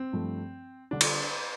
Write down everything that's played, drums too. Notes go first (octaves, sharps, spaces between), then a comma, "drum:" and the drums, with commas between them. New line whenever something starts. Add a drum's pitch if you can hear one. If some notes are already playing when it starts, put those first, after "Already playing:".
Already playing: C4
G2 F3 A3
D3 G3 D4
drum: cymbal